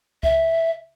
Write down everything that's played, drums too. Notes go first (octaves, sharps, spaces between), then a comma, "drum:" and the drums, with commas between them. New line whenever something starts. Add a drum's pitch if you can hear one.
E5, drum: kick C#2